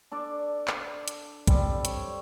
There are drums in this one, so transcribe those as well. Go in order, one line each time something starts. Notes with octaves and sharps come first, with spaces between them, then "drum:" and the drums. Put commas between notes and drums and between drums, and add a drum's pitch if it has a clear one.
D4 A4 D5 D6
drum: clap
drum: hi-hat
G3 C4 A4, drum: kick, hi-hat
C#5, drum: hi-hat